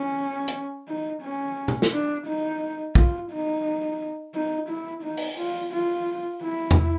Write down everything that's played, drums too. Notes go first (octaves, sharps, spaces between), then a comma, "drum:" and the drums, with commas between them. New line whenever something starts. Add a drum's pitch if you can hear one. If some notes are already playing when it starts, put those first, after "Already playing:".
Already playing: C#4
drum: hi-hat
D#4
C#4
drum: tom B2
drum: snare
D4
D#4
F4, drum: kick
D#4
D#4
E4
D#4
drum: open hi-hat
F4
F4
E4
drum: tom E2